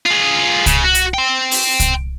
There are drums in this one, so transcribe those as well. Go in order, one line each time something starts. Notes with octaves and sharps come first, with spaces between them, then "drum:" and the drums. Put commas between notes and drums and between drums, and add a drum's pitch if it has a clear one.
F4 G#4
C#3, drum: kick C2, hi-hat
F#4
drum: hi-hat
G5 C6
drum: open hi-hat
drum: kick C2, hi-hat